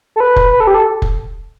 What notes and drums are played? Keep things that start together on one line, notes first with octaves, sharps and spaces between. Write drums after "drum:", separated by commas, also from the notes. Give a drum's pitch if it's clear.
A4
B4
drum: kick F1
B4
A4
G4
A4
drum: kick F1